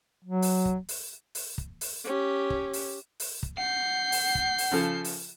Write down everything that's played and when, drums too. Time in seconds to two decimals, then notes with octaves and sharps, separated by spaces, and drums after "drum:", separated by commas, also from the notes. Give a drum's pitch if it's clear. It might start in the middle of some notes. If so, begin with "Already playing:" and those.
0.24 F#3
0.42 drum: open hi-hat
0.65 drum: kick
0.89 drum: open hi-hat
1.35 drum: open hi-hat
1.58 drum: kick
1.81 drum: open hi-hat
2.04 C#4 G4
2.50 drum: kick
2.73 drum: open hi-hat
3.20 drum: open hi-hat
3.43 drum: kick
3.58 F#5 G6 C7
4.12 drum: open hi-hat
4.35 drum: kick
4.58 drum: open hi-hat
4.71 C#3 F3 A4
5.04 drum: open hi-hat